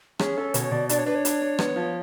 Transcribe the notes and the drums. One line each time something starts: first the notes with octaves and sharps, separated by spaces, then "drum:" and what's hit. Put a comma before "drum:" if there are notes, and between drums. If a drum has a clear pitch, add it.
C#4 G#4, drum: rim click
C#4 A4
B2 C#5, drum: hi-hat
B2 D5
D4 D5, drum: hi-hat
C#5
D4 B4
C#5
D4, drum: hi-hat
D4
B3, drum: rim click
F3